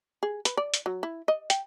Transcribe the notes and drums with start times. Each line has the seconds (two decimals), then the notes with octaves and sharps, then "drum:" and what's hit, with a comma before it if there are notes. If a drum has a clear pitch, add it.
0.23 G#4
0.45 B4, drum: hi-hat
0.57 D5
0.74 drum: hi-hat
0.86 F#3
1.03 E4
1.28 D#5
1.50 G5, drum: hi-hat